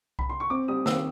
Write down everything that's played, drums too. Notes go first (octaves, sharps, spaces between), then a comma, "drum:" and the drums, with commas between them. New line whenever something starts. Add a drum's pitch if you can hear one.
B5, drum: kick C2
C6
C#6
C4 D6
G3 D#6
D#3 E6, drum: snare